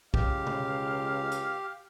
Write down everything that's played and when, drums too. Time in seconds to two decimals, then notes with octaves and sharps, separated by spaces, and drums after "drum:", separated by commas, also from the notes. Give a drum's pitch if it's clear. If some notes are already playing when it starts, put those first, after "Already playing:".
0.14 C#2 G4 F5, drum: kick
0.46 drum: tom B2
1.31 drum: hi-hat